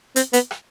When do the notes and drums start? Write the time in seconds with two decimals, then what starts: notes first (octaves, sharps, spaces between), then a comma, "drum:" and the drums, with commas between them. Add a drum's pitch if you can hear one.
0.16 C4, drum: hi-hat
0.33 B3, drum: hi-hat
0.51 drum: rim click